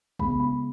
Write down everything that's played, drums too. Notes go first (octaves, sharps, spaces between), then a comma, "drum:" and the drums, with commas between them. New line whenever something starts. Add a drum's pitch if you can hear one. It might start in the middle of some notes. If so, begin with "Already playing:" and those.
C#3 G#3 B3 B5, drum: kick
B5